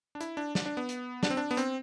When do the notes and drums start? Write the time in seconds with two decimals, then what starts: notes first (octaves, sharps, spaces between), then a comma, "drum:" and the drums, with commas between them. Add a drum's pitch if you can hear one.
0.15 D4
0.21 E4, drum: hi-hat
0.37 D4
0.55 D4, drum: snare
0.66 D4
0.77 B3
0.89 drum: hi-hat
1.23 D4, drum: snare
1.30 C4
1.37 D4
1.51 B3
1.57 C4, drum: hi-hat